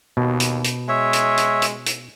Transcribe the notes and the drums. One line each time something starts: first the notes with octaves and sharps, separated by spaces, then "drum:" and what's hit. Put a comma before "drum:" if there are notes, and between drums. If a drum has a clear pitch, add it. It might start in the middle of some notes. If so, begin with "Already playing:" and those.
D#2 B2
drum: hi-hat
drum: hi-hat
G#3 C#5 E5
drum: hi-hat
drum: hi-hat
drum: hi-hat
drum: hi-hat